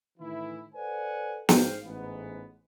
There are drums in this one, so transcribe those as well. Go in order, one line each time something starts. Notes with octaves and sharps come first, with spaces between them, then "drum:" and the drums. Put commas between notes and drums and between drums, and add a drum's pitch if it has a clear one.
A2 D#3 E3 E4
A4 B4 C5 D5 F#5 G#5
A1 G#2 G#3 C5 F5 G5, drum: snare
A1 G#2 B3